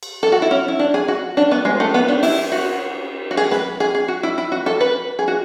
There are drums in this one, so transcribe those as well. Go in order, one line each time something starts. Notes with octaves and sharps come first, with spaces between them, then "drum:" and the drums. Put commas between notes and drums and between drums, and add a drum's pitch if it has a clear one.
drum: cymbal
A4
F#4
E4
C#4
E4
D4
G#4
F#4
D4
B3
G#3, drum: cymbal
A3
B3
D4
E4, drum: open hi-hat
F#4
F#4
G#4
B4, drum: snare
G#4
G#4
F#4
E4
E4
F#4
A4
B4
G#4
F#4